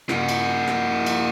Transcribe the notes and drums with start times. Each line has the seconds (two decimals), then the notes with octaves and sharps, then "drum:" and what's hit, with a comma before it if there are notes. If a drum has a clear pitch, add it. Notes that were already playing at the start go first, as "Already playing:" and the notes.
0.09 A#3 F#4, drum: rim click
0.29 drum: cymbal
0.68 drum: rim click
1.06 drum: cymbal